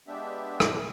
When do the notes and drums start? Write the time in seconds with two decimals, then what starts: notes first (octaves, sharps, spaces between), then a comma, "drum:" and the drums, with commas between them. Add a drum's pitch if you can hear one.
0.08 G#3 B3 D4 G4 E5
0.60 drum: rim click